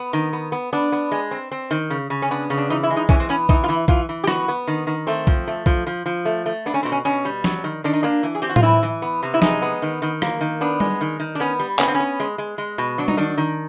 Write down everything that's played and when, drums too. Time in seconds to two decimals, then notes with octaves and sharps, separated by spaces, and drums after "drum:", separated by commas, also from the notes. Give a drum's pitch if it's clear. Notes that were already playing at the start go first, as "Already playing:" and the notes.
Already playing: B3
0.13 D#3
0.33 B3
0.52 B3
0.73 B3 D4
0.92 B3
1.11 G#3
1.31 C4
1.52 C4
1.71 D#3
1.90 C#3
2.10 C#3
2.22 C#4
2.31 B3 D4
2.50 C#3
2.58 D4
2.70 E3 D#4
2.83 E4
2.90 G#3
2.97 D#4
3.09 E3 C#4, drum: kick B1
3.20 C4
3.29 B3 C#4
3.49 E3 D#4, drum: kick B1
3.64 F4
3.68 E3 E4
3.88 E3 F4, drum: kick B1
4.09 E3
4.24 G4
4.27 B3 F#4, drum: rim click
4.48 B3
4.68 D#3
4.87 D#3
5.07 A3 C4
5.27 F3, drum: kick B1
5.47 A3
5.66 F3, drum: kick B1
5.87 F3
6.06 F3
6.25 A3
6.46 A3
6.66 B3 D4
6.74 C#4
6.83 B2 C4
6.92 C#4
7.05 B2 C#4
7.25 G3
7.44 F#3, drum: snare
7.64 D#3
7.84 D#3 D4
7.93 D#4
8.03 A#3 D4
8.23 E3
8.35 G#4
8.42 C4 G4
8.49 F#4
8.56 F4, drum: tom A2
8.63 E3 E4
8.83 E3
9.02 B3
9.23 C3
9.34 E4
9.42 G#3 D#4, drum: snare
9.62 B3
9.82 D#3
10.02 D#3
10.22 A#3, drum: rim click
10.41 D#3
10.61 B3 D4
10.80 G#3, drum: tom G3
11.01 D#3
11.20 D#3
11.35 D4
11.40 B3 C#4
11.59 G3
11.79 B3 C#4, drum: clap
11.88 C4
11.94 C#4
12.00 B3
12.20 G#3
12.38 G#3
12.58 G#3
12.78 B2
12.98 F#3 D4
13.08 D#4, drum: tom G3
13.17 D#3 D4
13.38 D#3